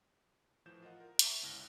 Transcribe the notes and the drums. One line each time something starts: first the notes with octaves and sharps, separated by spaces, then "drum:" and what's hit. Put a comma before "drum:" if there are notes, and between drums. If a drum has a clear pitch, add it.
A2 E3 F3 G6 E7
F4 A#4 D#5 F#5
A#4
E5 A5 C#6 D6 G6 B6, drum: hi-hat
G1 C#2 E4 F6 F#6 A#6